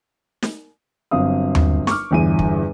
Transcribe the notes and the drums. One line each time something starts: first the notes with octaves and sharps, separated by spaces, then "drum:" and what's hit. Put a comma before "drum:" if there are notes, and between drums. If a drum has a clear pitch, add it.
drum: snare
G1 F#3 C4 F5 D#6
drum: tom D#2
C#6 D6 F6, drum: snare
G1 E2 D#7
drum: kick